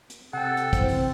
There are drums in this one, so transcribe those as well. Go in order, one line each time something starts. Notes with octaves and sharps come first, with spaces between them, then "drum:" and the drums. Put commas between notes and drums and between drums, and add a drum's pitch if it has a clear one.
drum: hi-hat
C3 A4 F#5 G5
drum: hi-hat
G#1 C3 E3 C4, drum: kick, hi-hat
drum: open hi-hat